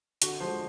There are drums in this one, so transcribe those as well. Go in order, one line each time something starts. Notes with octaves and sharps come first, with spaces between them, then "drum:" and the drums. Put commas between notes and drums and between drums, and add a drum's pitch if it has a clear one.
D3 F#4, drum: hi-hat
F3 G#3 C5